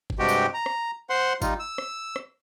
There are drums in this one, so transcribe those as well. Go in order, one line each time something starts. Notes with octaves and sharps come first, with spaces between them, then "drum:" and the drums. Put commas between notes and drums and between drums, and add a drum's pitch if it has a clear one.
drum: kick
G2 C3 G#3 F#4 G4 G5
drum: tambourine
A#5
drum: rim click
C5 F#5 C6
G3 D#4 F4, drum: kick, tambourine
E6
drum: rim click
drum: rim click